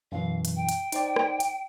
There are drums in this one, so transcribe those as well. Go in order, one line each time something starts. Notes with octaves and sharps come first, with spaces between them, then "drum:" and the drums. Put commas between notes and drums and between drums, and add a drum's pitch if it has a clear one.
F#2 B2 E3 F5
drum: hi-hat
G5
drum: hi-hat
D#4 C5 D5, drum: hi-hat
drum: rim click
drum: hi-hat